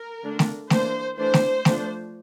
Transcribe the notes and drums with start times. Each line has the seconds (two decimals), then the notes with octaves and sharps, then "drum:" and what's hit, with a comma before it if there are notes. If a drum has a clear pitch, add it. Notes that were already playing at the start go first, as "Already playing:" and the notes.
Already playing: A#4
0.23 D3 A3 D4
0.39 drum: snare A3
0.70 E3 A#3 D4 C5, drum: snare A3
1.18 E3 A3 D4 C5
1.34 drum: snare A3
1.65 F3 A3 D4, drum: snare A3